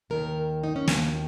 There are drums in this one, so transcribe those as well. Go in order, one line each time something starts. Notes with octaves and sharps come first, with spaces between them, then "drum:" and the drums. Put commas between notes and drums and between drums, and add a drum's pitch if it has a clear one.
D#2 D#3 A#4
D#4
C#4
D#2 D#3 A#3, drum: snare